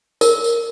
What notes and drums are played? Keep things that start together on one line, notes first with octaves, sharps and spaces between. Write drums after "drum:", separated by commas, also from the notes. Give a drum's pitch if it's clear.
A#4, drum: tambourine
drum: tambourine